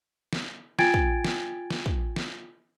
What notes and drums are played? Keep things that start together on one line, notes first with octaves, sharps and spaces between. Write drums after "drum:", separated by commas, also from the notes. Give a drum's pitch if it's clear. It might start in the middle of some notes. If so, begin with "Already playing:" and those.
drum: snare
F4 G5 G#5 G#6 A6 D7, drum: snare
drum: kick
drum: snare
drum: snare
drum: kick
drum: snare